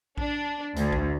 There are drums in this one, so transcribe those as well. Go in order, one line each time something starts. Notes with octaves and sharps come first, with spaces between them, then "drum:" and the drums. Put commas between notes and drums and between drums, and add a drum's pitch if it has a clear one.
D4, drum: kick A#1
D2, drum: hi-hat
drum: kick A#1